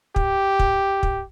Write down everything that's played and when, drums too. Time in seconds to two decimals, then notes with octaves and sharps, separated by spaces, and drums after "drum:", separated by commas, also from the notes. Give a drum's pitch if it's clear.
0.16 G4, drum: kick
0.59 drum: kick
1.03 drum: kick